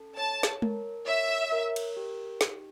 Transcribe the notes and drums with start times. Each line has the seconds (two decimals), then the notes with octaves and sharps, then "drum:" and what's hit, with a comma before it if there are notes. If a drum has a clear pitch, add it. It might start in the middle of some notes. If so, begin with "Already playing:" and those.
Already playing: C#4 A4
0.17 C#5 A5
0.43 drum: snare
0.62 A#4, drum: tom G#3
1.07 C#5 E5
1.52 A#4
1.76 drum: cymbal
1.97 G4
2.41 D#4, drum: snare